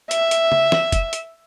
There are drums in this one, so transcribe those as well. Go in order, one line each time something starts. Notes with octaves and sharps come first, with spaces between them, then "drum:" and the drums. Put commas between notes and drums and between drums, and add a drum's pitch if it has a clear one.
E5, drum: hi-hat
drum: hi-hat
drum: tom C#3
drum: snare
drum: kick F1, hi-hat
drum: hi-hat